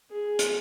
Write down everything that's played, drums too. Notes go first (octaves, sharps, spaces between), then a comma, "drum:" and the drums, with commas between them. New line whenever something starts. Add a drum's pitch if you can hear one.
G#4
drum: hi-hat